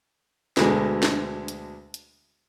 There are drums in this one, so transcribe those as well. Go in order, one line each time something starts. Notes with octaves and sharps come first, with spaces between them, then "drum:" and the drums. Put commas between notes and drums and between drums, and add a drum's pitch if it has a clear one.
D2 B2 D3 G#3, drum: snare
drum: snare
drum: hi-hat
drum: hi-hat